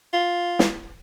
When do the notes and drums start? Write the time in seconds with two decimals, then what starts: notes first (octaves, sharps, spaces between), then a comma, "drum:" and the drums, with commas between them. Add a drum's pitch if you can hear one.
0.13 F4
0.59 drum: snare